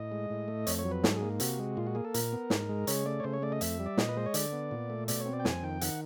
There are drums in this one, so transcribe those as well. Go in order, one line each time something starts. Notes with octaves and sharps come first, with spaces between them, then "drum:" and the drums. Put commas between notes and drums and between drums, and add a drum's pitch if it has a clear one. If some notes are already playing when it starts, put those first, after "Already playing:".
Already playing: A2 D#5
G#3
A2
A3
F2 C#5, drum: hi-hat
C#5
F#3
B4
G#2 A4, drum: snare
G#4
A#3
C3 F#4, drum: hi-hat
G#3
A#2 F4
F#4
A#3 G#4
A4
A#2 A#4, drum: hi-hat
B3
G#2, drum: snare
G#3
C#3 C#5, drum: hi-hat
A3 D5
C#5
C#3 C5
C#5
A3 D5
D#5
F2 E5, drum: hi-hat
G3
D5
A#2 D#5, drum: snare
B4
G#3 C5
C#5
D3 D5, drum: hi-hat
B3
A#2
A3
B2 D5, drum: hi-hat
C#5
C4
D5
G5
F2 G#5, drum: snare
D#3 G5
D#3 F#5, drum: hi-hat